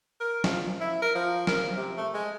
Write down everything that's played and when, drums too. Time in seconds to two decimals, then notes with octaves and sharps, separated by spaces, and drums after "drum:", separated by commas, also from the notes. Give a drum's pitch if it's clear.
0.20 A#4
0.44 F3, drum: snare
0.81 E4
1.02 A#4
1.15 F3
1.47 A#4, drum: snare
1.76 C3
1.97 A3
2.14 G#3